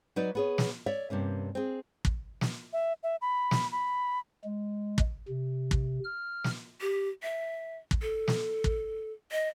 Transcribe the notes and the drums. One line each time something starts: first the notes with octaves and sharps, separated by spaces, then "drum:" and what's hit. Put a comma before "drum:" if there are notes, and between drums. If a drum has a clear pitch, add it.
F#3 D#4 B4 D5
B3 G#4 C#5
drum: snare
C#5 D5 E5
G2 C3 A#3 C#4
C4 G#4
drum: kick
drum: snare
E5
E5
B5
drum: snare
B5
G#3
drum: kick
C3
drum: kick
F6
drum: snare
G4
E5
drum: kick
A4
drum: snare
drum: kick
D#5